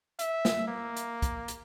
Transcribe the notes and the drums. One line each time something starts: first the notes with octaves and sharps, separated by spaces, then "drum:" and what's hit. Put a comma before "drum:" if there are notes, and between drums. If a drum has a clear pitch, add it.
E5, drum: hi-hat
drum: snare
A#3
drum: hi-hat
drum: kick, hi-hat
drum: hi-hat